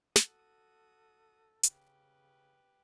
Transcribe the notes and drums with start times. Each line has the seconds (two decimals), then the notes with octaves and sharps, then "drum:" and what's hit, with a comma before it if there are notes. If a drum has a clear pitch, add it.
0.16 F#4 A4 D#6, drum: snare
1.63 C#3 G4 B4, drum: hi-hat